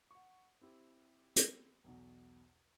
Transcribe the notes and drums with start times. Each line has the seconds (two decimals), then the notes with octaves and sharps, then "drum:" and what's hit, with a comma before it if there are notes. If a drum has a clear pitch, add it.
0.11 F#5 C#6
0.61 C4 E4 G4
1.36 drum: hi-hat
1.84 B1 E2 B2